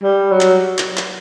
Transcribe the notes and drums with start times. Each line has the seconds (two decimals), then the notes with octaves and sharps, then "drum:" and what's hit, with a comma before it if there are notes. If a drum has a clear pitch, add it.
0.03 G3
0.31 F#3
0.41 drum: clap
0.79 drum: clap
0.97 drum: clap